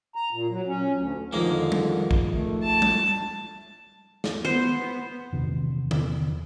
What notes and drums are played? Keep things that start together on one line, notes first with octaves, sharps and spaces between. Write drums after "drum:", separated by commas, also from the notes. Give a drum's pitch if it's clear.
A#5
A#2
F#3
C#4
D2
F2 D3 D#3 G#3 A#3
drum: tom G3
drum: kick
A3
A5
drum: tom G3
drum: snare
B3 C5
E2 C3 D#3
drum: tom D3